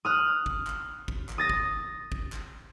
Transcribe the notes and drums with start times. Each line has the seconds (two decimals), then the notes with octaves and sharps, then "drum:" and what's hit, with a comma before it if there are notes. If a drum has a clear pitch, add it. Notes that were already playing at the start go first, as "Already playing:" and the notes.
0.05 D#6 F6 F#6
0.46 drum: kick
0.67 drum: clap
1.08 drum: kick
1.29 drum: clap
1.38 D#6 A6 A#6
1.50 drum: kick
2.12 drum: kick
2.32 drum: clap